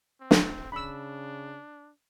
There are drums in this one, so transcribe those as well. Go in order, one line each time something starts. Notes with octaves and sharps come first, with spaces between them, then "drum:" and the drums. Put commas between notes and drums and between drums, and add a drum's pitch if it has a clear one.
C4
drum: snare
C#3 D4 B5 E6